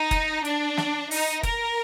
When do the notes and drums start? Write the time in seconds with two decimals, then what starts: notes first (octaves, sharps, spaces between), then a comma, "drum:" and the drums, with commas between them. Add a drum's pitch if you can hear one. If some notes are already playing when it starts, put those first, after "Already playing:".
Already playing: D#4
0.11 drum: kick, hi-hat
0.45 D4, drum: hi-hat
0.77 drum: snare
1.11 D#4, drum: open hi-hat
1.43 A#4, drum: kick, hi-hat